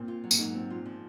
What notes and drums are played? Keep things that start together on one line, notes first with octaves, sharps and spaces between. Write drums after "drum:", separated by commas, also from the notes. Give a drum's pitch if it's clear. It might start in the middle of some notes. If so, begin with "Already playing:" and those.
Already playing: A#2 C4
F4
F#3
A#2, drum: tambourine
G#2 F#3
C4
F4
F3